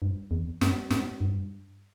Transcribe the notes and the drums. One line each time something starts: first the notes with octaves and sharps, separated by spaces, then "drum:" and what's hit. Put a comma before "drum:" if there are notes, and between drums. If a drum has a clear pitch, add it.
G2
E2
G2, drum: snare
G#2, drum: snare
G2